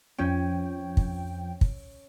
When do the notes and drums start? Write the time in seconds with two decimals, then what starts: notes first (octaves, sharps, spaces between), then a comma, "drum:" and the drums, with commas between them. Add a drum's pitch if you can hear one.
0.18 F2 F3 C#4 G5
0.97 drum: kick
1.61 drum: kick